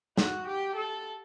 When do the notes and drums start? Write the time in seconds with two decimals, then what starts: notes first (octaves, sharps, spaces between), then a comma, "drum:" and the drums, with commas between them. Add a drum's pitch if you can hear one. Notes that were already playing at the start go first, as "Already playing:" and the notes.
0.17 F#4, drum: snare
0.47 G4
0.76 A4